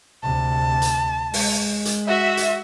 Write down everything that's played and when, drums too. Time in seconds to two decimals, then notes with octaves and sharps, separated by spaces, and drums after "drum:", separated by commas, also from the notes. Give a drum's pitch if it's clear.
0.23 D2 C3 A5
0.82 drum: hi-hat
1.34 G#3, drum: open hi-hat
1.85 drum: hi-hat
2.07 F#4 E5
2.37 drum: hi-hat